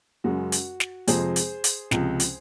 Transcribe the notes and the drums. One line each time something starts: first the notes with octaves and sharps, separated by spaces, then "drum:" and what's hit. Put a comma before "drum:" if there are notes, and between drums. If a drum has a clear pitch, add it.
F#2 C#3 G#3 F#4
drum: hi-hat
drum: snare
F2 C3 F3 G#3 G#4 C5, drum: hi-hat
drum: hi-hat
drum: hi-hat
C#2 C3 F3, drum: snare
drum: hi-hat